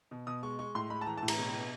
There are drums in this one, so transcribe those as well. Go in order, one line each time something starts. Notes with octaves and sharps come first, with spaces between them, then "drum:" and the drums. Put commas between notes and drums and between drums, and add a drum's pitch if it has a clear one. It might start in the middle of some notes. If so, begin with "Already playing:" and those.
B2
B2 D#6
G#3 C#6
G#3 C#6
A2 C6
G#3 B5
A5
E3 A#5
A5
A2
A#5, drum: cymbal
B2
B2